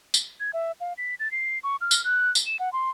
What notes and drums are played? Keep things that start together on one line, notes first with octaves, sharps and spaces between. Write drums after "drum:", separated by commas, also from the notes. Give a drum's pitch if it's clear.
drum: tambourine
G#6
E5
F5
B6
A6
C7
C#6
F6
drum: tambourine
F#6
drum: tambourine
E7
F#5
C6